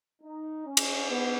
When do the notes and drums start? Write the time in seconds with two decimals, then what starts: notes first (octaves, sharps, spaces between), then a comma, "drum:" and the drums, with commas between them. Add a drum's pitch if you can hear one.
0.22 D#4
0.66 C#4
0.77 drum: cymbal
1.10 B3